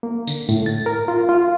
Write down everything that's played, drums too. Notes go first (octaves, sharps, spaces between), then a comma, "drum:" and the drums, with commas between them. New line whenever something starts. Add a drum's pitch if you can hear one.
A#3
D3, drum: tambourine
A2, drum: tambourine
A6
A#4
F4
F4